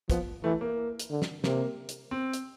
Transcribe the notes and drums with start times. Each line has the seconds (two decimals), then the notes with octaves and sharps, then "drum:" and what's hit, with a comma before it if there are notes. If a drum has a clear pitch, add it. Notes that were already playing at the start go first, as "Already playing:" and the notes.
0.10 F3 B3, drum: kick, hi-hat
0.44 E3 A3
0.61 A#3
0.99 drum: hi-hat
1.11 D3
1.22 drum: snare
1.44 C3 A#3, drum: snare
1.89 drum: hi-hat
2.11 C4
2.33 drum: hi-hat